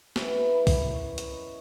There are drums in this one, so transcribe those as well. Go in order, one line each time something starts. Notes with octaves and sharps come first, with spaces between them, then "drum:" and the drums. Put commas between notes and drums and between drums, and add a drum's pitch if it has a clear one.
C#3 E3 B3 A#4, drum: snare
B4
drum: kick, open hi-hat
C#5
drum: hi-hat
D#5